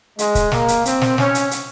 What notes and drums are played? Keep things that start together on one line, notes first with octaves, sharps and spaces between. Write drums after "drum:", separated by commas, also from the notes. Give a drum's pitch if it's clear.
G#3, drum: hi-hat
drum: kick C#1, hi-hat
A#3, drum: snare
drum: hi-hat
C4, drum: hi-hat
drum: snare
C#4, drum: snare
drum: hi-hat
drum: hi-hat